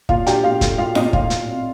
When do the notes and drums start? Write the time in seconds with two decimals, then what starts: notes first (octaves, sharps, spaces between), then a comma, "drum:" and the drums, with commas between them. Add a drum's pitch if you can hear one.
0.09 A#2 F4 F5, drum: kick
0.26 D4 G4 G5, drum: hi-hat
0.44 A#2 F4 F5
0.61 A3, drum: kick, hi-hat
0.78 A3 F4 F5
0.95 A#2 D#4 D#5, drum: snare
1.13 A2 F4 F5, drum: kick
1.30 A2, drum: hi-hat
1.48 C4